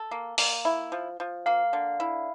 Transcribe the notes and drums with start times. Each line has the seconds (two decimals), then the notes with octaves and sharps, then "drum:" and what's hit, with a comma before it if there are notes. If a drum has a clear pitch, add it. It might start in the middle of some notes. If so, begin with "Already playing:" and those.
Already playing: A4
0.11 A#3
0.38 A#3, drum: open hi-hat
0.65 E4
0.92 F3
1.20 F3
1.46 A#3 F5
1.73 D3
2.00 E4